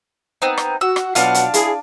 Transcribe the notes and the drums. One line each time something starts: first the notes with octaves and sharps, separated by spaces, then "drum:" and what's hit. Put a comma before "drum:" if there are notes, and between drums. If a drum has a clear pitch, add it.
B3 C4 D#4
drum: rim click
F#4 E6
drum: rim click
B2 F#3 D4 F4 F5 F#5, drum: hi-hat
drum: hi-hat
E4 G#4, drum: hi-hat